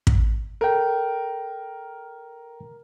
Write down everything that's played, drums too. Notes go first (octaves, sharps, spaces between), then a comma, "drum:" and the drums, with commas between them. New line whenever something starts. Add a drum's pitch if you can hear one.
drum: kick
A4 A#4 G5